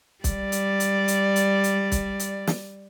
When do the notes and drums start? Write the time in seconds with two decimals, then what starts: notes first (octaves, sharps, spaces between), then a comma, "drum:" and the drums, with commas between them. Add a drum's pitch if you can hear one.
0.24 G3 D5, drum: kick, hi-hat
0.52 drum: hi-hat
0.80 drum: hi-hat
1.08 drum: hi-hat
1.36 drum: hi-hat
1.64 drum: hi-hat
1.92 drum: kick, hi-hat
2.19 drum: hi-hat
2.47 drum: snare